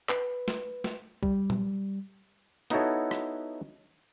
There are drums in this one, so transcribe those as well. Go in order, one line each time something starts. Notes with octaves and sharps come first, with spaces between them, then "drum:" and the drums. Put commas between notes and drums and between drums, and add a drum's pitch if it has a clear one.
B4, drum: clap
drum: snare
drum: snare
G3, drum: kick
drum: tom A#2
B3 D#4 E4 F#4 A4 C#5, drum: hi-hat
drum: rim click